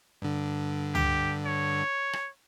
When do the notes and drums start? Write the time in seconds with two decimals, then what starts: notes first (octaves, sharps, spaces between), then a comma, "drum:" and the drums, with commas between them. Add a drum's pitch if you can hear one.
0.22 G2 D3
0.95 G4, drum: tom C#2
1.45 C#5
2.13 drum: rim click